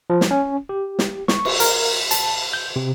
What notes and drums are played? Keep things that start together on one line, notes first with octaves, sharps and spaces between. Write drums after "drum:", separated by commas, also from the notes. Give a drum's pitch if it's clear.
F3
drum: snare
C#4
G4
drum: snare
C#6, drum: snare
drum: cymbal
A#4, drum: hi-hat
A5, drum: hi-hat
G6
C3